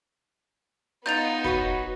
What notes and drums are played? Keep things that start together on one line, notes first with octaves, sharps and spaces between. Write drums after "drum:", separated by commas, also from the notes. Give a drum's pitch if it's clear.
B3 D#4 F4 D#5 A#5 G6 A6 F7
F#4 B4 C#5, drum: kick